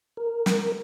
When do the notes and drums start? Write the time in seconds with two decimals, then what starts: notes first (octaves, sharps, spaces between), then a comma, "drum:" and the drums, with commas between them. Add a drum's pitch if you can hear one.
0.17 A#4
0.46 drum: snare